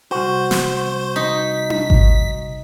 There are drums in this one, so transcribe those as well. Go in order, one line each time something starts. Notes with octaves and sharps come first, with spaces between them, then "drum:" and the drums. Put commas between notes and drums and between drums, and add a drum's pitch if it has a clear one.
C2 F#4 C5
drum: snare
D#4 B6
drum: tom D4
drum: kick G#1